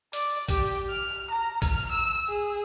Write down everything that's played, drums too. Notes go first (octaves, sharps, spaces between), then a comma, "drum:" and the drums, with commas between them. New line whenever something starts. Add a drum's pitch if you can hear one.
D5, drum: hi-hat
G4, drum: kick, hi-hat
F6
A#5
F6, drum: kick, hi-hat
E6
G#4